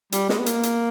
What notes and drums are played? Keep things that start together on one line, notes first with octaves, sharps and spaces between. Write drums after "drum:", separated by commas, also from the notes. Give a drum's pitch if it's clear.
G3, drum: hi-hat
G#3, drum: snare
B3
A#3, drum: hi-hat
drum: hi-hat